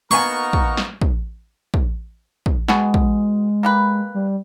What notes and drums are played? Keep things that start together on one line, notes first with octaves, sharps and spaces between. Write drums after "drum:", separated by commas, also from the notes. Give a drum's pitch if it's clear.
A#3 B3 D#4 F#4 A#4 G#5 C#6
drum: kick
drum: snare
drum: kick
drum: kick
drum: kick
B2 G#3 F#4 G#4, drum: snare
drum: kick
A#3 G4 B4
G3